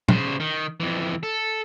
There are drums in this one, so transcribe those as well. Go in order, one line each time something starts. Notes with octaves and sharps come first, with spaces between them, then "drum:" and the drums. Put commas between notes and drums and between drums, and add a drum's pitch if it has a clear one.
C#3 C5, drum: tom
D#3
F2 E3
A4